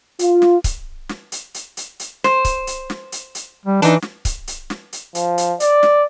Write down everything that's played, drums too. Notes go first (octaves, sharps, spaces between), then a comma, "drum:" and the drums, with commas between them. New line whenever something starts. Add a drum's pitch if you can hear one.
F4, drum: hi-hat
drum: snare
drum: kick C#1, hi-hat
drum: snare
drum: hi-hat
drum: hi-hat
drum: hi-hat
drum: hi-hat
C5, drum: snare
drum: kick C#1, hi-hat
drum: hi-hat
drum: snare
drum: hi-hat
drum: hi-hat
G3
E3 D4 D#4, drum: hi-hat
drum: snare
drum: kick C#1, hi-hat
drum: hi-hat
drum: snare
drum: hi-hat
F3, drum: hi-hat
drum: hi-hat
D5, drum: hi-hat
drum: snare